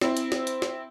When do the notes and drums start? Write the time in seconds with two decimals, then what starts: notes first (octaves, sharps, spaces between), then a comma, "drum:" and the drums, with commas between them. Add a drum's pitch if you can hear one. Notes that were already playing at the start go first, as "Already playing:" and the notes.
0.01 C4 E4, drum: snare
0.17 drum: hi-hat
0.32 drum: snare
0.47 drum: hi-hat
0.62 drum: snare